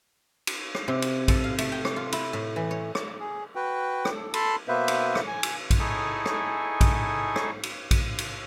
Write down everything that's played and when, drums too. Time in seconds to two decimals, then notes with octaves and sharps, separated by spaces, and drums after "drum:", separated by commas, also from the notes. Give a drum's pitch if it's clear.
0.47 drum: cymbal
0.75 drum: rim click
0.88 C3
1.02 drum: cymbal
1.28 A4, drum: kick A#1, cymbal
1.44 F5
1.58 A3, drum: cymbal
1.72 G5
1.85 drum: rim click
1.96 F4
2.12 E4, drum: cymbal
2.33 A2
2.56 E3
2.71 C#5
2.95 drum: rim click
3.20 G#4
3.55 F#4 B4 G5
4.05 drum: rim click
4.14 A4
4.34 A4 A5 B5 C6, drum: cymbal
4.68 B2 A#3 B3 B4 C5 E5
4.88 drum: cymbal
5.15 drum: rim click
5.27 G#5
5.43 drum: cymbal
5.71 drum: kick A#1, cymbal
5.80 D#4 E4 G#4 A4 G#5 C#6
6.26 drum: rim click
6.81 drum: kick A#1, cymbal
7.36 drum: rim click
7.63 drum: cymbal
7.91 drum: kick A#1, cymbal
8.18 drum: cymbal